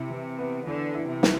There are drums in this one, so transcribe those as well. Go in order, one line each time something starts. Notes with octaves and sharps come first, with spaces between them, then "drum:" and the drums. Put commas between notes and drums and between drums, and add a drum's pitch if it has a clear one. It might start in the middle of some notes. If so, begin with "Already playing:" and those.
Already playing: C3 E4
E3
B3
D3 E3
E4
C3
E3, drum: snare